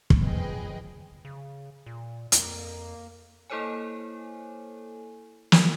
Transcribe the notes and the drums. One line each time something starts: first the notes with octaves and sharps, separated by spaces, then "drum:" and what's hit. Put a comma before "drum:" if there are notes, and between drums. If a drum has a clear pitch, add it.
drum: kick
G1 F3 G#4 B4 D#5 G5
C#3
A#2
F2 A#3, drum: hi-hat
A#3 E4 A4 C5 C#5 G#5
drum: snare